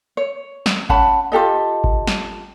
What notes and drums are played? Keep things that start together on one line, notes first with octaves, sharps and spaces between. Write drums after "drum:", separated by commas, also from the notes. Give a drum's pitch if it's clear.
C#5
drum: snare
C#4 F#5 A5 B5, drum: kick G#1
F4 G4 A4 D#5
drum: kick G#1
drum: snare